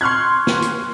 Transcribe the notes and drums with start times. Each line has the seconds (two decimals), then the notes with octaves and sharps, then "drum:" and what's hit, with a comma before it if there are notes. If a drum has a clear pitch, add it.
0.01 C6 C#6 F6 F#6 G#6
0.47 drum: snare
0.62 drum: hi-hat